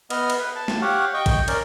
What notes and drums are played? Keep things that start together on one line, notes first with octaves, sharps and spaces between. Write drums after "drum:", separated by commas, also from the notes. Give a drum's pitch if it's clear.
B3 D#5 F6, drum: cymbal
drum: cymbal
B4
A5
drum: snare
G4 C#5 F5 F#5
D#5 G5 C#6
drum: kick, cymbal
C#4 A#4 D5, drum: cymbal